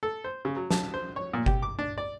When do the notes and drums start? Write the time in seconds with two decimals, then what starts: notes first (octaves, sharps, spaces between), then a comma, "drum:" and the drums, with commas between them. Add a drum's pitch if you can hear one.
0.03 A4
0.24 C5
0.45 C#3
0.56 F#3
0.71 A5, drum: snare
0.94 C5
1.16 C#5
1.34 A#2
1.46 G4, drum: kick G1
1.62 D6
1.79 D4
1.98 D5